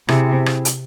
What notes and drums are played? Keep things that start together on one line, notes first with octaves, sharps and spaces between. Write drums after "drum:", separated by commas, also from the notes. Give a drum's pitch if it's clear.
C3 C4 E4 G#4, drum: rim click
drum: rim click
drum: hi-hat